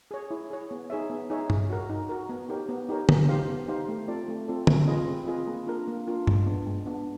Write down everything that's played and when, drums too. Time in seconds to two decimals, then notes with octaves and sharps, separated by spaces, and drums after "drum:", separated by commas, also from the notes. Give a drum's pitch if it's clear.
0.11 G#4 C#5
0.31 E4
0.50 G#4 C#5
0.71 B3
0.90 D#4 G#4 C#5 E5
1.10 B3
1.30 D#4 G#4 C#5 E5
1.50 D#4, drum: tom G2
1.70 F#4 A#4
1.90 D#4
2.09 F#4 A#4
2.29 B3
2.49 D#4 G4 A#4 C#5
2.69 B3
2.89 D#4 G4 A#4 C#5
3.09 B3, drum: tom D3
3.29 D#4 G4 C5 F5
3.49 B3
3.68 D#4 G4 C5 F5
3.88 A3
4.08 C4 F4 A4 D5
4.28 A3
4.48 C4 F4 A4 D5
4.67 C4, drum: tom D3
4.88 F4 G#4 B4 D#5
5.08 C4
5.28 F4 G#4 B4 D#5
5.47 A#3
5.67 D4 F4 A#4
5.87 A#3
6.07 D4 F4 A#4
6.27 G#3, drum: tom G2
6.46 B3 D4
6.66 G#3
6.86 B3 D4